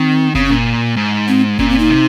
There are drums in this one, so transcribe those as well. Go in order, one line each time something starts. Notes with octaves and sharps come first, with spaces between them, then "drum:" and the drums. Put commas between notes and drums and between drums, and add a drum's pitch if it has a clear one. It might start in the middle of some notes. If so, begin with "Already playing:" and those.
Already playing: D#3 C4
C#3 C4, drum: kick F#1
C#4
A#2
G#2
C4
A#2 C#4, drum: kick F#1
C4
D#4
C3